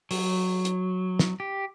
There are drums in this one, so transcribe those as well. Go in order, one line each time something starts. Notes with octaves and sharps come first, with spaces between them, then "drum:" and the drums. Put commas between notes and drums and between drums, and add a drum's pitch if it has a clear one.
F#3, drum: open hi-hat
drum: hi-hat
drum: snare
G4